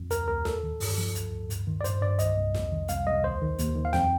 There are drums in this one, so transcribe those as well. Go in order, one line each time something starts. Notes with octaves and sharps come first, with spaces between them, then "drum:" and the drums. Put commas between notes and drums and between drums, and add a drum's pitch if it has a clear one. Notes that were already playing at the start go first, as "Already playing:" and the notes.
Already playing: F2
D2 A#4, drum: hi-hat
D2 A#4
D#2 A4, drum: snare
D#3
G2, drum: open hi-hat
F3
D2, drum: hi-hat
D2
G2, drum: hi-hat
D#3
D5
G2 C5, drum: hi-hat
G2 D5
C2 D#5, drum: hi-hat
C2
F2, drum: snare
D#3
C2 F5, drum: hi-hat
C2 D#5
D#2 C5
D#3
D#2, drum: hi-hat
D#3
F5
F2 G5, drum: snare